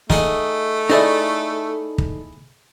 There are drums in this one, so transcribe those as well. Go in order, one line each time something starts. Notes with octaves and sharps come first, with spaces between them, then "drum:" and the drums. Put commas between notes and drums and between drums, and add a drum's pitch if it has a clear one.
A3 D#4 G#4 F#5, drum: snare
D#4 E4 G#4 A4 C#5 D5
drum: kick